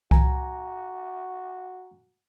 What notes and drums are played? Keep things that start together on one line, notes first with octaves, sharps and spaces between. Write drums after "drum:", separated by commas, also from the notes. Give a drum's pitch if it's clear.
F#4 G#5 A#5, drum: kick C2